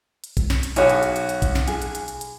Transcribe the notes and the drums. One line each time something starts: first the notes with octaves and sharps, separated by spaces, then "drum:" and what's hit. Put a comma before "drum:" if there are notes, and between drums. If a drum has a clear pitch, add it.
drum: hi-hat
drum: kick, hi-hat
drum: snare
drum: hi-hat
B1 F#4 G#4 C#5 D#5, drum: hi-hat
drum: hi-hat
drum: hi-hat
drum: hi-hat
drum: hi-hat
drum: kick, hi-hat
drum: snare
G#4, drum: hi-hat
drum: hi-hat
drum: hi-hat
drum: hi-hat
drum: hi-hat